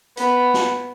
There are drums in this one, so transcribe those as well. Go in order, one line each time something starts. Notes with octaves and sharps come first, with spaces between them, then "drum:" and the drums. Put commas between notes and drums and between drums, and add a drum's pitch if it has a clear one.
B3, drum: hi-hat
drum: snare